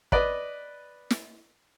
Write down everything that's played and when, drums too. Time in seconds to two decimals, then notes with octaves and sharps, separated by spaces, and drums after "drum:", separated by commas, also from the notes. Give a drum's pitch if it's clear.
0.12 B4 D5 D#5, drum: kick
1.10 drum: snare